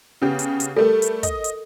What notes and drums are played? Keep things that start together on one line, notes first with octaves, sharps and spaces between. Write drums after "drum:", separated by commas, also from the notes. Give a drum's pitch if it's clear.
C#3 B3 G4
drum: hi-hat
drum: hi-hat
G3 A3 A4 A#4
drum: hi-hat
D#5, drum: kick, hi-hat
drum: hi-hat